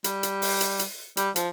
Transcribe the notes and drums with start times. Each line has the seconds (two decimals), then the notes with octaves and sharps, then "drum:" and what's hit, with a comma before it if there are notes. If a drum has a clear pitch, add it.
0.04 G3, drum: hi-hat
0.23 drum: hi-hat
0.42 drum: open hi-hat
0.61 drum: hi-hat
0.79 drum: hi-hat
1.17 G3, drum: hi-hat
1.36 F3, drum: hi-hat